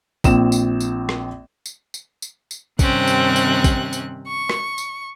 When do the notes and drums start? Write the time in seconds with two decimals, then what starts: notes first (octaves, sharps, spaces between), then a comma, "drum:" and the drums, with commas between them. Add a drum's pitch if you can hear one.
0.24 A#1 C4 E7, drum: kick A1, tambourine
0.52 drum: tambourine
0.80 drum: tambourine
1.09 drum: rim click
1.66 drum: tambourine
1.94 drum: tambourine
2.22 drum: tambourine
2.51 drum: tambourine
2.79 G2 C3 D#3 C4 C#4 F#6, drum: kick A1, tambourine
3.08 drum: tambourine
3.36 drum: tambourine
3.64 drum: kick A1, tambourine
3.93 drum: tambourine
4.27 C#6
4.49 drum: rim click
4.78 drum: tambourine